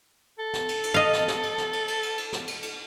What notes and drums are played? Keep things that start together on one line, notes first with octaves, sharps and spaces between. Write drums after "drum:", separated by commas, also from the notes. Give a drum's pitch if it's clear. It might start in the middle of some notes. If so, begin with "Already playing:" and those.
A4
drum: snare
drum: cymbal
drum: cymbal
D#5 F5
drum: snare
drum: snare
drum: cymbal
drum: snare
drum: cymbal
drum: cymbal
drum: cymbal
drum: cymbal
drum: snare
drum: cymbal
drum: cymbal